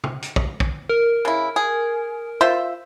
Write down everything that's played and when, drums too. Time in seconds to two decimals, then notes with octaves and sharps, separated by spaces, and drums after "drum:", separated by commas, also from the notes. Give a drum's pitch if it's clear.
0.04 drum: tom
0.22 drum: hi-hat
0.36 drum: kick
0.60 drum: kick
0.89 A#4
1.25 C#3 E4
1.56 G#4
2.41 F4 C5 E5